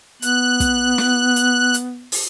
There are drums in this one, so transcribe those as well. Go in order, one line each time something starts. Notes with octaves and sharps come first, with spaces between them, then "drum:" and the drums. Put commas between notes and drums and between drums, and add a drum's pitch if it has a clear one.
B3 F#6, drum: hi-hat
drum: kick, hi-hat
drum: snare
drum: hi-hat
drum: hi-hat
drum: open hi-hat